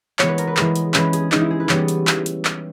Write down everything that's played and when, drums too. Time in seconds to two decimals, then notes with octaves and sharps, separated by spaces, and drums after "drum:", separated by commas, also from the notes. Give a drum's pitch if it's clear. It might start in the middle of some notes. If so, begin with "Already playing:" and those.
0.19 E3 G#3 B3 C#5, drum: clap
0.29 B4
0.38 A#4, drum: hi-hat
0.47 B4
0.57 E3 G#3 B3, drum: clap
0.76 drum: hi-hat
0.94 E3 G#3 C#4 B4, drum: clap
1.13 G#4, drum: hi-hat
1.32 E3 G#3 C#4 D#4, drum: clap
1.41 E4
1.51 G#4
1.60 B4
1.69 E3 G3 B3 C#5, drum: clap
1.88 drum: hi-hat
2.07 drum: clap
2.26 drum: hi-hat
2.45 drum: clap